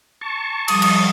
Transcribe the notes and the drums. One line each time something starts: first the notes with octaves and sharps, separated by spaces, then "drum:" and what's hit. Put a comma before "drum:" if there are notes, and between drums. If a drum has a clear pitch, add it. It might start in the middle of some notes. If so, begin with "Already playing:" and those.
A5 C#6
F3 G3 D6 D#6, drum: cymbal
drum: cymbal